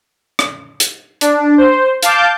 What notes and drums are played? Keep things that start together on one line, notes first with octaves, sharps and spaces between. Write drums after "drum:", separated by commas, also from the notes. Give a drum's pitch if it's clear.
drum: rim click
drum: hi-hat
D4, drum: hi-hat
C5
F5 A5 D6 G6, drum: hi-hat